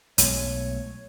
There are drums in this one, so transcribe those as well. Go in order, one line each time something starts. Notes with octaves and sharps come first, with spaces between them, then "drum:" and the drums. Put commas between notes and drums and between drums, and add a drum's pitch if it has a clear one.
B1 G#3 A3 C#5, drum: hi-hat